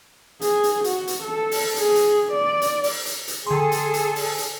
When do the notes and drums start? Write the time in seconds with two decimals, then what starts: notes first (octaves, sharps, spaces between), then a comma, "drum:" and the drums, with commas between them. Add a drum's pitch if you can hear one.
0.41 G#4, drum: hi-hat
0.63 drum: hi-hat
0.84 F#4, drum: hi-hat
1.07 drum: hi-hat
1.23 A4
1.51 drum: open hi-hat
1.76 G#4, drum: hi-hat
1.96 drum: hi-hat
2.32 D5
2.62 drum: hi-hat
2.84 drum: open hi-hat
3.06 drum: hi-hat
3.28 drum: hi-hat
3.47 D3 G#4 A4 C6
3.72 drum: hi-hat
3.94 drum: hi-hat
4.16 drum: open hi-hat
4.38 drum: hi-hat